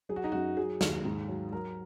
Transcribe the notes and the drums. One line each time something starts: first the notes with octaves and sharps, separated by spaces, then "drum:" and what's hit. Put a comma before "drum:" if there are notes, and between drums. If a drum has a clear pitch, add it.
F#3 G#4
F#4
D#4
F#2 F#4
F#3 G#4
D#2, drum: snare
G#2
F#3
F#3 A#4